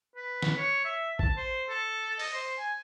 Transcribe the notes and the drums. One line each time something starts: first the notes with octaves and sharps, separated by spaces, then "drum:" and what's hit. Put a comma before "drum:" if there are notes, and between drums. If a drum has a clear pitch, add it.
B4
drum: snare
C#5
E5
A5, drum: kick
C5
A4
D#5, drum: open hi-hat
C5
G#5